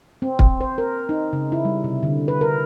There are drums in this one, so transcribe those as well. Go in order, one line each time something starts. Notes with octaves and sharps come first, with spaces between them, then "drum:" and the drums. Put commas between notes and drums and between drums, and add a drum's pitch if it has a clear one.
C4
drum: kick
C5
A#4
D#4
C#3
E4
G3
C3
D3
B4
A#4